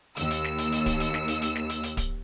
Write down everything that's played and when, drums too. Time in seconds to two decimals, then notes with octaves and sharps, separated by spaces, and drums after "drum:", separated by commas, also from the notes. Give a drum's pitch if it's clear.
0.17 D#2 E6, drum: hi-hat
0.30 drum: hi-hat
0.44 drum: snare
0.58 drum: hi-hat
0.72 drum: hi-hat
0.86 drum: kick D1, hi-hat
1.00 drum: hi-hat
1.14 drum: snare
1.28 drum: hi-hat
1.42 drum: hi-hat
1.55 drum: snare
1.69 drum: hi-hat
1.83 drum: hi-hat
1.97 drum: kick D1, hi-hat